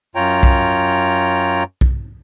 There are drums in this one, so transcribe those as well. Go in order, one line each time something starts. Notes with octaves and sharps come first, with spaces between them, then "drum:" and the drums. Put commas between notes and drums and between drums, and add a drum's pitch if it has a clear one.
F#2 F4 C#5 G5 A#5
drum: kick B1
drum: kick B1